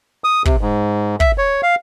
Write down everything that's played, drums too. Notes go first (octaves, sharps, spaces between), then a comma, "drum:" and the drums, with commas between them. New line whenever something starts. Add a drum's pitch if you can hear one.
D#6
C3, drum: kick
G#2
E5, drum: kick
C#5
F5